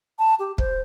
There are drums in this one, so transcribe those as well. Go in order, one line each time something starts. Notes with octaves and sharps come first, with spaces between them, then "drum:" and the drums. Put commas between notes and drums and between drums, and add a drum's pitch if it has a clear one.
A5
G4
C5, drum: kick